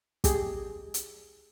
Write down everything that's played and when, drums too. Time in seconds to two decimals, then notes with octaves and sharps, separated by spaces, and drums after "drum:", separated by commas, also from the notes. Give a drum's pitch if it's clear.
0.24 G4 G#4, drum: kick, hi-hat
0.94 drum: hi-hat